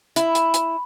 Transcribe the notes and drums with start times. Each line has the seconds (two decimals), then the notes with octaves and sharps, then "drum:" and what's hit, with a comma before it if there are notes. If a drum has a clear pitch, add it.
0.16 E4, drum: hi-hat
0.35 drum: hi-hat
0.54 drum: hi-hat